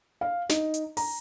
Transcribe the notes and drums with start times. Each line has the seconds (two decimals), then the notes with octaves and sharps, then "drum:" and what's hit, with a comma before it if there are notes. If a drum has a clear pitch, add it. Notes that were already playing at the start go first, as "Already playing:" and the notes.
0.21 F5
0.49 D#4, drum: snare
0.74 drum: hi-hat
0.97 A#5, drum: open hi-hat